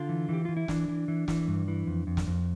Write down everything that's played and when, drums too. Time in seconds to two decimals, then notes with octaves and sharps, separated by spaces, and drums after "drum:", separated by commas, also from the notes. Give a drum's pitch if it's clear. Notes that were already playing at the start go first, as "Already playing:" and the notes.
Already playing: D3 F4
0.09 E3
0.29 E3 G4
0.45 E3 F4
0.57 E4
0.68 E3 D4, drum: snare
0.88 E3
1.08 E3
1.28 E3, drum: snare
1.48 G2
1.68 E3
1.87 F2
2.07 F2
2.17 drum: snare
2.27 F2